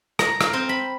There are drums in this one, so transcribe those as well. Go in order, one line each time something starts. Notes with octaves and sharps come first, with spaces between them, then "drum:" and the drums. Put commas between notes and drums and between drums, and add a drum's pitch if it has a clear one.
A#5, drum: rim click
F5, drum: rim click
C4
B5